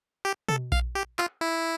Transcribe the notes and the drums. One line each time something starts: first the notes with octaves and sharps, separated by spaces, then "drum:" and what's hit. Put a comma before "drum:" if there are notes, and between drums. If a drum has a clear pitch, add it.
G4
A4, drum: tom B2
F5, drum: kick A#1
G4
F4, drum: clap
E4